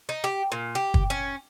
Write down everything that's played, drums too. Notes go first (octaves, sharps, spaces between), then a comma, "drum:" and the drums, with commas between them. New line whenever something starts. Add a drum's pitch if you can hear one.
D#4
G4
A#2
G4
drum: kick
C#4